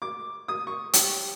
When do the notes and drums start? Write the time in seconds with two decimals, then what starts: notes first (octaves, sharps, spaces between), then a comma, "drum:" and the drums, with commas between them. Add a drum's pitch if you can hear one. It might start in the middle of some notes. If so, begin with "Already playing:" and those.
0.02 D6
0.48 D#6
0.67 C#6
0.93 G4, drum: hi-hat